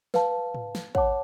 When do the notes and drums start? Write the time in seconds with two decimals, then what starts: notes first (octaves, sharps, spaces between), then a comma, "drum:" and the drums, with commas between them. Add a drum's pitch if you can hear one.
0.14 B4 F5 A5, drum: snare
0.54 drum: tom G#2
0.75 drum: snare
0.95 C#5 F#5 A5 D6, drum: kick